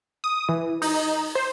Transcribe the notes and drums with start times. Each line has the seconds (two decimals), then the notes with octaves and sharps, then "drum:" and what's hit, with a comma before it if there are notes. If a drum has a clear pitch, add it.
0.24 D#6
0.49 E3
0.82 D#4, drum: open hi-hat
1.35 C5